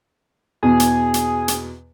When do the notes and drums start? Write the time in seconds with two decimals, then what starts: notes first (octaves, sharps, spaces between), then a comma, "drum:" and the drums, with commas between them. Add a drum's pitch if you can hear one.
0.63 E2 B2 G#4
0.80 drum: hi-hat
1.14 drum: hi-hat
1.48 drum: hi-hat